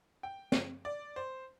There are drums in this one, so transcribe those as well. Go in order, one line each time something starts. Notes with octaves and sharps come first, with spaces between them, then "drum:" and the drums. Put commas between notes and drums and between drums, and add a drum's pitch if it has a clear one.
G5
drum: snare
D5
C5